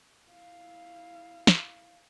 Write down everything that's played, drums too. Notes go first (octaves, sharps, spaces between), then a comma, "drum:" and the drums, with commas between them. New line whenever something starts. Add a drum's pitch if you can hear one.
E4 F5
drum: snare